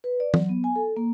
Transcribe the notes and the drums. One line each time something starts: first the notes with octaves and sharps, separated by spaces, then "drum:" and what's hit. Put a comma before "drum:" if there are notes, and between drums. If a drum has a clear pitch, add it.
B4
D5
F#3, drum: tom
B3
G#5
A4
A#3